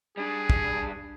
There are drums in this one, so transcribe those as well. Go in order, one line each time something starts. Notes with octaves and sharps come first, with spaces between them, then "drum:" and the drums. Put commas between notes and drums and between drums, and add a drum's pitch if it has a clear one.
G3 D4 G#4
drum: kick